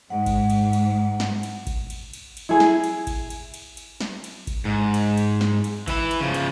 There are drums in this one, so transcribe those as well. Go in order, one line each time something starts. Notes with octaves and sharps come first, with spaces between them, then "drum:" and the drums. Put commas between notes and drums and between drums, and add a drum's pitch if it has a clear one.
G#2 F#5
drum: kick G#1, cymbal
drum: cymbal
drum: cymbal
drum: snare
drum: cymbal
drum: kick G#1, cymbal
drum: cymbal
drum: cymbal
drum: cymbal
E4 G#4
drum: snare
drum: cymbal
drum: kick G#1, cymbal
drum: cymbal
drum: cymbal
drum: cymbal
drum: snare
drum: cymbal
drum: kick G#1, cymbal
G#2
drum: cymbal
drum: cymbal
drum: snare
drum: cymbal
E3 E4, drum: kick G#1, cymbal
drum: cymbal
C#3 F3
drum: cymbal